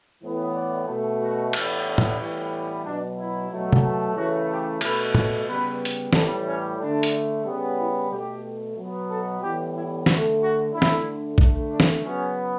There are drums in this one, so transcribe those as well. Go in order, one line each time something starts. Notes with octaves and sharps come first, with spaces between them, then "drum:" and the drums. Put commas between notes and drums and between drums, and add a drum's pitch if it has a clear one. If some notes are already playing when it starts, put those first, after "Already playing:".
A2 E3 B3
D5
B2 A3
F#4
A2 E3 G3 B3, drum: cymbal
D4
drum: tom
A2 E3 G3 B3
B2 F#3 B3 D4
E4
B2 F#3 A3
drum: tom
C#3 E3 A3 F#4
G4
B2 A3 B4, drum: cymbal
C#5, drum: tom
C#3 G3 B3 B4
drum: hi-hat
A2 E3 G3 A4, drum: snare
C#4
D3 A3 D4
drum: hi-hat
C#3 G3 B3
E4
B2 A3 G4
B2 F#3 B3
A4
A2 E3 G3 B3 G4
E4
D3 A3 F#4, drum: snare
F#4
D3 A3 E4
drum: snare
D3 A3, drum: kick A#1
D4
drum: snare
C#3 F#3 B3 C#4